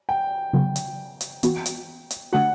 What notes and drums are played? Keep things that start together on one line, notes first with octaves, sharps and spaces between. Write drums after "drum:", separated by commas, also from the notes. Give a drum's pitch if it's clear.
G5
C#3 F#3 B3
drum: hi-hat
drum: hi-hat
E3 B3 F#4, drum: hi-hat
drum: hi-hat
drum: hi-hat
D3 A3 D4 F#4 F#5